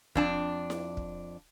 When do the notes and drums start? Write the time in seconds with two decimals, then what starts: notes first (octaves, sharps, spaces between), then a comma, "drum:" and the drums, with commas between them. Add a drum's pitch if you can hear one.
0.15 F2 D4 A5, drum: kick
0.70 drum: snare E4
0.97 drum: kick